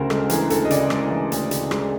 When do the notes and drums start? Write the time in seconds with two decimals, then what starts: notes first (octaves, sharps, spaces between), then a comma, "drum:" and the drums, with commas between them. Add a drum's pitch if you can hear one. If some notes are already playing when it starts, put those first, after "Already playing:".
Already playing: D2 C#3 A#4 C5
0.10 G#3 A4, drum: rim click
0.30 E3 G#4, drum: hi-hat
0.50 D2 A4, drum: hi-hat
0.65 D#5
0.71 C#3 D5, drum: hi-hat
0.90 G#3, drum: rim click
1.11 E3
1.32 D2, drum: hi-hat
1.51 C#3, drum: hi-hat
1.71 G#3, drum: rim click